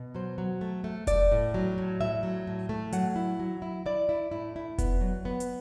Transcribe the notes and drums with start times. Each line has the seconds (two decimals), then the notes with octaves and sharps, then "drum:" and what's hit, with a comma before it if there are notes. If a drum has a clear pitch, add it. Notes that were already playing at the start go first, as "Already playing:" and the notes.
Already playing: B2
0.15 F#3 C5
0.38 F#3
0.61 A3
0.84 A3
1.07 A3 D5, drum: kick F1, hi-hat
1.32 A2
1.54 F#3
1.78 A2
2.01 A2 E5
2.23 F#3
2.47 A2
2.69 A3
2.93 F#3 F#5, drum: hi-hat
3.16 E4
3.39 F#3
3.62 E4
3.86 E4 D5
4.09 E4
4.31 A2 E4
4.56 E4
4.78 B3, drum: kick F1, hi-hat
5.01 F#3
5.25 B3
5.40 drum: hi-hat